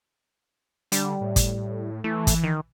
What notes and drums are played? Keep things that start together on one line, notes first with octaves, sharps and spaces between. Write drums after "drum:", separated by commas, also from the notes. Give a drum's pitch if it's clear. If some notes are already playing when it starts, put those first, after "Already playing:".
D3 G3, drum: hi-hat
A2
drum: kick, hi-hat
E3 A3
drum: kick, hi-hat
D#3